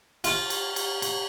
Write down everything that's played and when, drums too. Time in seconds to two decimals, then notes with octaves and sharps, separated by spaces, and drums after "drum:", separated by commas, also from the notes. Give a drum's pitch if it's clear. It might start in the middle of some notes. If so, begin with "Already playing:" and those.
0.24 F4, drum: cymbal
0.50 drum: cymbal
0.76 drum: cymbal
1.02 drum: cymbal